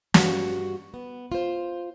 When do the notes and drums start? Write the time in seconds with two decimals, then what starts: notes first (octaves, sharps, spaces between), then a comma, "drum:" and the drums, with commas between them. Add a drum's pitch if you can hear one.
0.14 G2 F#4 F5, drum: snare
0.94 B3
1.32 F4 C5